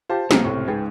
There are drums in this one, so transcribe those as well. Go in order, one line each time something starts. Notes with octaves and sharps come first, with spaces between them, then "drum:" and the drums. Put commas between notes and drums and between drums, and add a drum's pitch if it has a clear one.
F4 G4 C5 A5
C#2 C3 F#3 G#3 A3 A#5 F6, drum: snare
A2 C#6
G#2 G#4 B4 G5